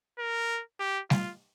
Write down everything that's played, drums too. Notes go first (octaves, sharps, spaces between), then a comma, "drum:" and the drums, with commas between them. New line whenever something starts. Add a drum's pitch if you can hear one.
A#4
G4
F4, drum: snare G3